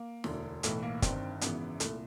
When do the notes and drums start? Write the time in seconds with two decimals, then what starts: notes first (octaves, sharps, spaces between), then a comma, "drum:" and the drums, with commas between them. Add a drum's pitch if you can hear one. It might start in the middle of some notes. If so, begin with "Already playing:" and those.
Already playing: A#3
0.24 E1 D2 D3, drum: snare
0.63 B1 A2 E3 A3, drum: hi-hat
0.83 A#3
1.02 G1 G2 D#3 C4, drum: kick, hi-hat
1.41 G#1 F#2 C#3 E3 B3, drum: hi-hat
1.80 C2 A#2 A3, drum: hi-hat